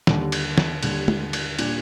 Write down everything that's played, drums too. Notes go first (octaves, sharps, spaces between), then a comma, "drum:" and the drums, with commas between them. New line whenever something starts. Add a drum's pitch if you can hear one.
D#2 D3 G3 D4, drum: snare
drum: cymbal
drum: snare
D#2 D3 G3 D4, drum: cymbal
drum: tom G#3
drum: cymbal
A#2 G3 D4, drum: cymbal